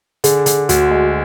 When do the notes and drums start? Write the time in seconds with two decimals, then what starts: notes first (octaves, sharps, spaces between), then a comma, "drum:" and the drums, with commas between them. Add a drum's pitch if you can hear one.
0.24 D3 G#4, drum: hi-hat
0.46 D3, drum: hi-hat
0.69 D2 F#4, drum: hi-hat
0.90 G#3